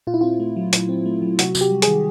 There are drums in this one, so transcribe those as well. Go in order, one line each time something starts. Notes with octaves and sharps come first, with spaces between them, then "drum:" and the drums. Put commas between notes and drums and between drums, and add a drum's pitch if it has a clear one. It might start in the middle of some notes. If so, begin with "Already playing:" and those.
A#2 F4
E4
C4 F4
A3
F#3
A#2, drum: hi-hat
C4
A3
F#3
C3 F#4, drum: hi-hat
C3, drum: tambourine
G4
G3
G#4, drum: hi-hat
D#3